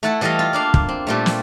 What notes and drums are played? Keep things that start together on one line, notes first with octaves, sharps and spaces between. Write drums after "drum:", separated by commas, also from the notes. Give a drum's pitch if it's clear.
A3 E4 A4 F#5 A5
E3 G3 A3 A4 D#5 F5
F4
A#3 D4 F5
drum: kick
C4
A#2 G3 A3
drum: snare